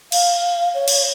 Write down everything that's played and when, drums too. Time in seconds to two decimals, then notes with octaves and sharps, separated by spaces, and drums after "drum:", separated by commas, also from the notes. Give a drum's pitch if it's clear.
0.12 F5, drum: cymbal
0.75 C#5
0.88 drum: cymbal